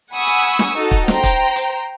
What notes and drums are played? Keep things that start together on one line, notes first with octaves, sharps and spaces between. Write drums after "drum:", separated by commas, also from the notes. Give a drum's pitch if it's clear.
F#5 G#5 B5 C#6 D#6 E6
drum: hi-hat
drum: snare
D#4 F#4 A4
drum: kick
C5 G5 A#5, drum: snare
drum: kick, hi-hat
drum: hi-hat